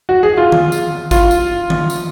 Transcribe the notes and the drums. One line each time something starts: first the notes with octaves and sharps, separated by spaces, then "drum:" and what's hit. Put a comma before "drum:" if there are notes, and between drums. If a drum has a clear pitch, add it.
F#4
G#4
F4
drum: tom D3
drum: tambourine
F4, drum: kick G#1, tambourine
drum: tambourine
drum: tom D3
drum: tambourine